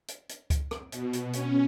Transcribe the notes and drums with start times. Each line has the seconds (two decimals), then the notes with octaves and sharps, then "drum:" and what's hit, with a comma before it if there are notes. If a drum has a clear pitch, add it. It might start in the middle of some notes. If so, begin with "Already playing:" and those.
0.08 drum: hi-hat
0.29 drum: hi-hat
0.50 drum: kick C#2, hi-hat
0.71 drum: rim click
0.92 B2, drum: hi-hat
1.13 drum: hi-hat
1.33 C#4, drum: hi-hat